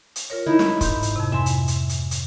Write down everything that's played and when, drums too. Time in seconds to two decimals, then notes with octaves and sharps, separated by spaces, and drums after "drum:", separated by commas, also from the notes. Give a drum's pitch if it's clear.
0.16 drum: hi-hat
0.30 F4 A#4 C#5
0.46 D#4 E4
0.59 drum: snare
0.81 G#2 G6, drum: kick, hi-hat
1.02 drum: hi-hat
1.16 F2 C3
1.32 E5 G#5 C6
1.46 drum: hi-hat
1.68 drum: hi-hat
1.89 drum: hi-hat
2.11 drum: hi-hat